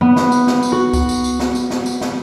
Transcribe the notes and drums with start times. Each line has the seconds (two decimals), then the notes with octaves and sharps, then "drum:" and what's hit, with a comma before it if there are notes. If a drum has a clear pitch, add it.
0.01 B3
0.16 drum: snare
0.32 drum: tambourine
0.47 drum: snare
0.63 drum: tambourine
0.72 F#4
0.93 drum: kick C#2, tambourine
1.09 drum: tambourine
1.24 drum: tambourine
1.40 drum: snare
1.55 drum: tambourine
1.70 drum: snare
1.86 drum: tambourine
2.01 drum: snare